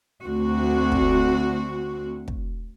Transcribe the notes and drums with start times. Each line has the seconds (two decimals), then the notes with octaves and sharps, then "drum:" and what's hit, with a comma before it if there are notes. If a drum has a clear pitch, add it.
0.24 D2 C4 F#4
0.92 drum: kick
2.28 drum: kick